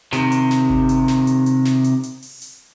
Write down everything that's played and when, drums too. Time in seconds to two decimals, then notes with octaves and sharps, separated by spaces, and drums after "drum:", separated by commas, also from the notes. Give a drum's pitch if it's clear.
0.13 C3 D#3, drum: snare
0.32 drum: hi-hat
0.51 drum: snare
0.70 drum: kick G1
0.89 drum: hi-hat
1.08 drum: snare
1.27 drum: hi-hat
1.46 drum: hi-hat
1.65 drum: snare
1.84 drum: hi-hat
2.03 drum: hi-hat
2.22 drum: open hi-hat
2.42 drum: hi-hat